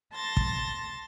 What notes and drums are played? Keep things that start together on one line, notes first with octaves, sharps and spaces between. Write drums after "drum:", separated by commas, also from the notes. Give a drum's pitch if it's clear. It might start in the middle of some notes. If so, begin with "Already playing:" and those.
A5 C6 A6 A#6
drum: kick